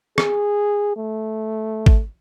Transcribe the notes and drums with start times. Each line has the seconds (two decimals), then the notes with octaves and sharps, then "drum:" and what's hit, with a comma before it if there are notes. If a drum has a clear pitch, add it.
0.18 G#4, drum: rim click
0.96 A3
1.86 drum: kick G#1